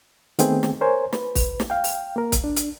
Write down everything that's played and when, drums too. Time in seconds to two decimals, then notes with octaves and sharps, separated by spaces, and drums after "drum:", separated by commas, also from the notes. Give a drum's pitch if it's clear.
0.39 D#3 A3 B3 C4 G#4 G5, drum: hi-hat
0.63 drum: snare
0.81 A#4 C5 C#5 G#5
1.13 B4, drum: snare
1.35 drum: kick, open hi-hat
1.60 drum: snare
1.70 F5 G5
1.84 drum: open hi-hat
2.16 A#3 A#4
2.32 drum: kick, hi-hat
2.44 D4
2.56 drum: hi-hat